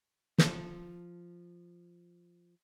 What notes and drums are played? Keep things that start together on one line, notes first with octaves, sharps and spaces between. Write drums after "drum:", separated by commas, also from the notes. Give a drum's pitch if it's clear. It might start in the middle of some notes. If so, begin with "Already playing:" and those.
F3 A4, drum: snare